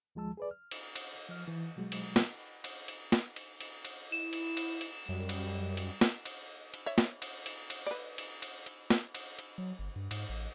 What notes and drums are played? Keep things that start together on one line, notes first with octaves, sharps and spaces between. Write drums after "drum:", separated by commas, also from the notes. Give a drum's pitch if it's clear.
D#2 F3 G#3 A5 E6
G#4 B4 D5
F6
drum: cymbal
drum: cymbal
F3 F6
E3
B2 F#3 G#3
drum: cymbal
drum: snare
drum: cymbal
drum: cymbal
drum: snare
drum: cymbal
drum: cymbal
drum: cymbal
E4 E7
drum: cymbal
drum: cymbal
drum: cymbal
F#2 G3
drum: cymbal
drum: cymbal
drum: snare
drum: cymbal
drum: cymbal
C#5 E5
drum: snare
drum: cymbal
drum: cymbal
drum: cymbal
B4 D5
drum: cymbal
drum: cymbal
drum: cymbal
drum: snare
drum: cymbal
drum: cymbal
F#3
G1
G2
G#2, drum: cymbal
A1